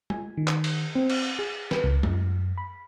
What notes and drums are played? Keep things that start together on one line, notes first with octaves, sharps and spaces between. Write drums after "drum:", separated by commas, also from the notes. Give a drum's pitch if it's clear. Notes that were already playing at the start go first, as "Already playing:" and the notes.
G#5, drum: tom G#3
D#3
drum: clap
drum: cymbal
C4
drum: cymbal
G#4
B4, drum: snare
C#2
F#2, drum: tom G#3
B5